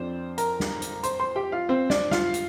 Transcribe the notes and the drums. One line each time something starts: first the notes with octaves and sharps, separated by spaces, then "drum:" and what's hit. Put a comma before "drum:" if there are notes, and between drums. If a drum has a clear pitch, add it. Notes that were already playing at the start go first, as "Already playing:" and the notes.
Already playing: F2 F3 C4 D4 C5
A#4 A#5, drum: hi-hat
drum: snare
drum: hi-hat
C5 C6, drum: hi-hat
C5 C6
G4 G5
F4 F5
C4 C5
D4 D5, drum: snare
F4 F5, drum: snare
drum: hi-hat